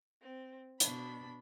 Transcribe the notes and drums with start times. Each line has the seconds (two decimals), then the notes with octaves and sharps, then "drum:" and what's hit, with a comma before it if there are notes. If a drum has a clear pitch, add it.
0.21 C4
0.80 B2 D4 B5, drum: hi-hat